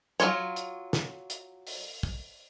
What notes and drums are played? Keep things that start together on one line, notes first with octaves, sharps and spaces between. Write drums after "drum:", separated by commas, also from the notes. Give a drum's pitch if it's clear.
F#3 C#4 F4 C#5, drum: hi-hat
drum: hi-hat
drum: snare
drum: hi-hat
drum: open hi-hat
drum: kick